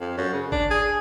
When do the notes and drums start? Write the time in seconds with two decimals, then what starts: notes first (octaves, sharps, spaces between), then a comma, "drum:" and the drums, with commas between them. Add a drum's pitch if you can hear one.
0.01 F2
0.17 F#2
0.33 C#3
0.52 D4, drum: kick
0.71 G#4